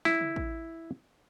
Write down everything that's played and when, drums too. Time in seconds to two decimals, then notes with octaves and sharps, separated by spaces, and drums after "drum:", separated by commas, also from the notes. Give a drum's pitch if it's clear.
0.05 E4, drum: snare
0.21 drum: tom C#3
0.36 drum: kick A1